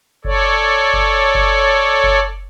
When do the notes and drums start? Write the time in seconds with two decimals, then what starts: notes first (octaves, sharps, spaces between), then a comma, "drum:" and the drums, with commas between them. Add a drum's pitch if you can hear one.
0.25 A4 C#5 D5, drum: kick F#1
0.93 drum: kick F#1
1.35 drum: kick F#1
2.04 drum: kick F#1